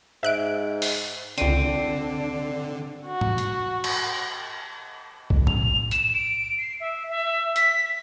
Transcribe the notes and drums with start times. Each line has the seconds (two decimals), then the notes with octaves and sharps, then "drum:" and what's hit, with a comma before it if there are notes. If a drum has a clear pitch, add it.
0.23 G#2 E5 F#6 D7
0.82 drum: open hi-hat
1.38 C#2 D3 C4 D4 D#7, drum: hi-hat
3.06 F#4
3.21 drum: tom G#2
3.38 drum: hi-hat
3.84 drum: cymbal
5.30 drum: kick B1
5.47 F7, drum: tom A2
5.91 E7, drum: hi-hat
6.13 D7
6.58 C7
6.80 E5
7.09 E5
7.56 B6, drum: hi-hat